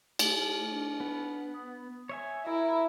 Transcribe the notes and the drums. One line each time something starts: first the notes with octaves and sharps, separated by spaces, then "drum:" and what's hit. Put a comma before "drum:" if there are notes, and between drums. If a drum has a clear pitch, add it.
A3 G4, drum: cymbal
D4
B3
D#6
C#5 E5 G#5
E4 A#4